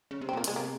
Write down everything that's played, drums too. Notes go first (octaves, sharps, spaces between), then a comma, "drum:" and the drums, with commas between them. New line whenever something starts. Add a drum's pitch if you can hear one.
C#3
C3
C4
A#2 A#3
C3 G#3, drum: hi-hat
A#3